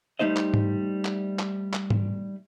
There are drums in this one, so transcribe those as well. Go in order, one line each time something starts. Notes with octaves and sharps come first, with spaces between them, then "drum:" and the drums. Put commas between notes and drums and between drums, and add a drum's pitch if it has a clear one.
G3 A3 D#4 C5 D#5
drum: clap
drum: tom G#2
drum: clap
drum: clap
drum: clap
drum: tom G#2